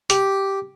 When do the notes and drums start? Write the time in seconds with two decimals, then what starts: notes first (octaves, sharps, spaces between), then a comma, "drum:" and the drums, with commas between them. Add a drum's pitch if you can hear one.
0.10 G4, drum: hi-hat